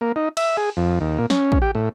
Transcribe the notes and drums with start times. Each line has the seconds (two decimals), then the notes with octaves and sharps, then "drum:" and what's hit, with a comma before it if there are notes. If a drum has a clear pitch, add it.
0.01 A#3
0.16 D#4
0.37 E5, drum: cymbal
0.57 G#4
0.77 F2
1.01 D#2
1.18 A#2
1.30 C#4, drum: snare
1.52 drum: kick
1.62 G4
1.75 A2